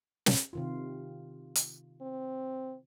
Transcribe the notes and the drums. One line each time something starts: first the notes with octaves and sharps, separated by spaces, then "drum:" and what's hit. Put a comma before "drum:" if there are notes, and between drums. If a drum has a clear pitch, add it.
drum: snare
C3 D#3 F4
drum: hi-hat
C4